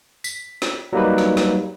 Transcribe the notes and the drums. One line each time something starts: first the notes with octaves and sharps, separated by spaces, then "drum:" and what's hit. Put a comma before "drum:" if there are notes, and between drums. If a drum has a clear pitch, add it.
B6, drum: tambourine
drum: snare
F#3 G3 A#3 D#4 G4 B4
drum: snare
drum: snare